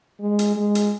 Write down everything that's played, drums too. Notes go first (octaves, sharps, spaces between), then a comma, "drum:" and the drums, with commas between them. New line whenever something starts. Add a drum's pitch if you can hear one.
G#3
drum: hi-hat
G#3
drum: hi-hat